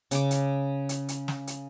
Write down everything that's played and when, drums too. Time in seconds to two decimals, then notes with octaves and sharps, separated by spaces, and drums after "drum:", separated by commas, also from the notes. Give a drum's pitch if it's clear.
0.11 C#3 D6, drum: hi-hat
0.31 drum: hi-hat
0.89 drum: hi-hat
1.08 drum: hi-hat
1.28 drum: snare
1.47 drum: hi-hat